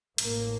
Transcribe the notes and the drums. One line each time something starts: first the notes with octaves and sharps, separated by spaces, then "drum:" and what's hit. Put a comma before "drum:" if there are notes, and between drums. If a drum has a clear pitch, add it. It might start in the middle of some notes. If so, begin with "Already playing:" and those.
A1 A2 A#3, drum: hi-hat